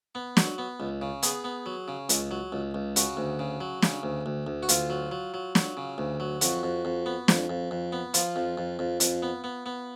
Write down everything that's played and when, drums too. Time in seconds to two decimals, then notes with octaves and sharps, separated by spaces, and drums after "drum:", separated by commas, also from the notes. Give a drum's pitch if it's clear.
0.15 B3
0.37 F#3, drum: snare
0.58 B3
0.80 C#2
1.02 C#3
1.23 B3 G#4, drum: hi-hat
1.44 B3
1.66 F#3
1.88 C#3
2.09 C#2, drum: hi-hat
2.31 F#3
2.52 C#2
2.74 C#2
2.96 C#3 F#4, drum: hi-hat
3.17 D2
3.39 C#3
3.61 F#3
3.82 C#3, drum: snare
4.03 D2
4.26 D2
4.47 D2
4.63 F#4
4.69 D2 F4, drum: hi-hat
4.90 F#3
5.11 F#3
5.34 F#3
5.55 F#3, drum: snare
5.77 C#3
5.98 D2
6.20 F#3
6.41 F2 F#4, drum: hi-hat
6.63 F2
6.85 F2
7.06 B3
7.28 F2, drum: snare
7.50 F2
7.71 F2
7.92 B3
8.14 F3 F4, drum: hi-hat
8.36 F2
8.58 F2
8.79 F2
9.00 F2, drum: hi-hat
9.22 B3
9.44 B3
9.66 B3